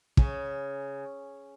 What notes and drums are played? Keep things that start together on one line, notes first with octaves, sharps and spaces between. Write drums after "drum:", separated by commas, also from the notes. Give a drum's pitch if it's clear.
C#3, drum: kick